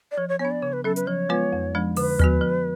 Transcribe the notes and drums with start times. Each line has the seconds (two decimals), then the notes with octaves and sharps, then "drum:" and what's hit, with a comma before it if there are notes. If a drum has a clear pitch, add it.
0.12 D5
0.18 F3 C#5
0.29 C#5
0.39 B3 C#5
0.45 D4
0.51 D5
0.62 C#3 C#5
0.73 B4
0.84 F#3 C#4 A4
0.96 B4, drum: hi-hat
1.07 F3 C#5
1.29 G#3 B3 F4 B4
1.53 F2
1.75 F3 G#3 D4
1.96 D3 B4, drum: open hi-hat
2.20 F3 B3 F#4, drum: tom D#2
2.41 F3